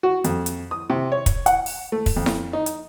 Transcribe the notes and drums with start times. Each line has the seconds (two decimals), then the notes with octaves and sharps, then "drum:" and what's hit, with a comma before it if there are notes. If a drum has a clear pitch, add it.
0.03 F#4
0.24 F2, drum: hi-hat
0.46 drum: hi-hat
0.71 D#6
0.90 C3
1.12 C#5
1.26 drum: kick, hi-hat
1.46 F#5, drum: hi-hat
1.66 drum: open hi-hat
1.92 A3
2.06 drum: kick, open hi-hat
2.16 F2
2.26 drum: snare E4
2.53 D#4
2.66 drum: hi-hat